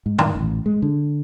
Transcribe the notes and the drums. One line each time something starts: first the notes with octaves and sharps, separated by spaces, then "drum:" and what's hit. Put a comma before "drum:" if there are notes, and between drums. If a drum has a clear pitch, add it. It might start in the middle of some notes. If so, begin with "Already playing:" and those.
G#2
D#3, drum: tom
A1
G#3
D3